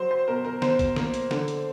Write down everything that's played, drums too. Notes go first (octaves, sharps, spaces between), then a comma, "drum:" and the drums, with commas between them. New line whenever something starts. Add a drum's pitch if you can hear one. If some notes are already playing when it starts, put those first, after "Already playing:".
Already playing: F#3 C5
C5
B2 A#4
A#4
B2 C5, drum: snare
drum: kick B1, hi-hat
A#3, drum: snare
drum: hi-hat
D3, drum: snare
drum: hi-hat